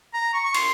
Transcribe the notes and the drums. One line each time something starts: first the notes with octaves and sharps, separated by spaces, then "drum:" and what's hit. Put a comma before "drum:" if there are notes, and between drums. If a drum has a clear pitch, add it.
A#5
C#6
C#6
C6, drum: cymbal